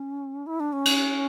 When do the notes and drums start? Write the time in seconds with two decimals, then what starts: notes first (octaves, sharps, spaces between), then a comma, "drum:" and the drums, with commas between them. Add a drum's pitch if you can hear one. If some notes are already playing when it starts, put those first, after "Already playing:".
Already playing: C#4
0.47 E4
0.60 D4
0.73 C#4
0.85 drum: cymbal